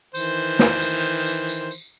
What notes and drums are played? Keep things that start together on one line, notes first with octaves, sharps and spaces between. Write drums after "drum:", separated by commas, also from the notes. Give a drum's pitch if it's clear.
D#3 E3 C5, drum: tambourine
drum: snare
drum: tambourine
drum: tambourine
drum: tambourine
drum: tambourine